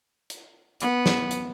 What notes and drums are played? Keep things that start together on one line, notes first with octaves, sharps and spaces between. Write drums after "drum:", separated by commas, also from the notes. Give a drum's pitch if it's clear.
drum: hi-hat
B3, drum: hi-hat
drum: snare
drum: hi-hat